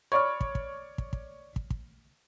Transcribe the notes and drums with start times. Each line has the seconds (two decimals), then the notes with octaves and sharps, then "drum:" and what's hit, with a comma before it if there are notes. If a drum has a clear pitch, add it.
0.12 C#5 D5 B5 C#6 F6
0.41 drum: kick
0.55 drum: kick
0.98 drum: kick
1.13 drum: kick
1.56 drum: kick
1.70 drum: kick